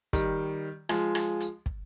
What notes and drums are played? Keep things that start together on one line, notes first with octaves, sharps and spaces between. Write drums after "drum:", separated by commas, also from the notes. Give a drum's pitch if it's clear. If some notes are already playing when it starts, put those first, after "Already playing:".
D#3 G3, drum: kick, hi-hat
F3 G#3, drum: rim click
drum: rim click
drum: hi-hat
drum: kick